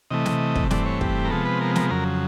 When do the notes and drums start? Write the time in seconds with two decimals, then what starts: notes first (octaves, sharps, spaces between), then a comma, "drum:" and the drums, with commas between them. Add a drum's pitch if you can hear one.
0.11 C3 E3 A3 D#5
0.26 drum: snare
0.56 drum: kick
0.71 G2 E3 A3 C4 D5, drum: snare
0.86 C#5
1.01 G4, drum: kick
1.25 A#4
1.30 C3 F3 G#3 B3 A4
1.45 B4
1.61 A#4
1.76 A#4, drum: snare
1.90 F2 C#3 F#3 A#4